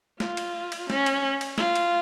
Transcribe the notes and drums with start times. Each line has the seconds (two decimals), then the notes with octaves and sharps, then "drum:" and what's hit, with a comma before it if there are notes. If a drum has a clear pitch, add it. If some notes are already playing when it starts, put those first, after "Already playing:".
0.20 F4, drum: snare
0.37 drum: cymbal
0.72 drum: cymbal
0.90 C#4, drum: snare
1.06 drum: cymbal
1.41 drum: cymbal
1.58 F4, drum: snare
1.76 drum: cymbal